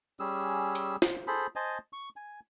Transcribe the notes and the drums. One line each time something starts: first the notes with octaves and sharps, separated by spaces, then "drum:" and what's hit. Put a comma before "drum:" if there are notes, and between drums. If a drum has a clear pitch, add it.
G3 C#4 G#4 E6
drum: hi-hat
drum: snare
G#4 A4 C5 B5
C5 D#5 G#5 A5
C#6
G#5